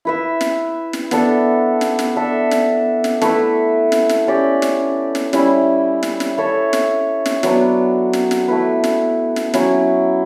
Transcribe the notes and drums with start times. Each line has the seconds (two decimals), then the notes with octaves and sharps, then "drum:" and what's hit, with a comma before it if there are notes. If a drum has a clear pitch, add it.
0.05 E4 B4 E5
0.41 drum: snare
0.93 drum: snare
1.11 B3 D4 A4 E5, drum: snare
1.81 drum: snare
1.99 drum: snare
2.16 D4 A4 E5
2.51 drum: snare
3.04 drum: snare
3.21 A3 E4 B4 E5, drum: snare
3.92 drum: snare
4.09 drum: snare
4.27 C#4 G4 D5
4.62 drum: snare
5.15 drum: snare
5.33 G3 C#4 E4, drum: snare
6.03 drum: snare
6.20 drum: snare
6.37 E4 A4 C#5 E5
6.73 drum: snare
7.26 drum: snare
7.43 F#3 B3 D4, drum: snare
8.13 drum: snare
8.31 drum: snare
8.48 A3 E4 B4
8.84 drum: snare
9.36 drum: snare
9.54 F#3 C#4 E4, drum: snare